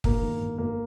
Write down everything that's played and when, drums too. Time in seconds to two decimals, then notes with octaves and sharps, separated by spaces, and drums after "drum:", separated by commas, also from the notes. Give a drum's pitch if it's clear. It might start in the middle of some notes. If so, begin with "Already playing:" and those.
0.04 G1 A#3, drum: kick
0.22 D#3
0.40 G1
0.58 G1 A#3